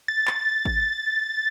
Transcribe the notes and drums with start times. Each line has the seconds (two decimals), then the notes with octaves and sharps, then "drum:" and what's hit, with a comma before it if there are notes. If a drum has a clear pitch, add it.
0.08 A6
0.27 drum: clap
0.65 drum: kick G#1